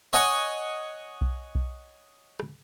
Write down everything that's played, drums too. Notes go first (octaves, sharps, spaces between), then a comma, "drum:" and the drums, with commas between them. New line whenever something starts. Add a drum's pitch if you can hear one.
C#5 D#5 F#5 G#5 C#6
drum: kick B1
drum: kick B1
drum: rim click